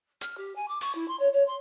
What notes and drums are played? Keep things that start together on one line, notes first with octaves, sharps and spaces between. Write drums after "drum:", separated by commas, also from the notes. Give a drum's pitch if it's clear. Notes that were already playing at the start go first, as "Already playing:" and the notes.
F6, drum: hi-hat
G4
G#5
D6
C#6, drum: open hi-hat
E4
C6
C#5
C#5
C6